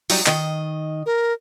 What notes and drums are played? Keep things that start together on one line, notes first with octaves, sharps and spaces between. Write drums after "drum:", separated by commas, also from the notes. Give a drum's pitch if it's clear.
F#3 G3 D#4, drum: open hi-hat
D#3 D#5, drum: clap
A#4